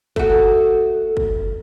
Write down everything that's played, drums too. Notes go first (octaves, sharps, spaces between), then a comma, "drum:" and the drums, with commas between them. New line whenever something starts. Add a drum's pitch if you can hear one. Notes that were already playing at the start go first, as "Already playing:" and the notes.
A3 F#4, drum: kick
drum: kick